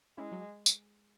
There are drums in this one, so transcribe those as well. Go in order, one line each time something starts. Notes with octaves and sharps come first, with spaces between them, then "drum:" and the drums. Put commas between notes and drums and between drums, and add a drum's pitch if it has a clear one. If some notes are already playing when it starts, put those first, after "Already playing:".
G#3 C#4 E4
F#3
drum: tambourine